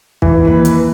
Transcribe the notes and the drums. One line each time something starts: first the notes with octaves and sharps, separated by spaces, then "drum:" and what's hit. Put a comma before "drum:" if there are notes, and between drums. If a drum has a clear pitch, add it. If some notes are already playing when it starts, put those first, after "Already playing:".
E3, drum: kick
D#2 B4
drum: hi-hat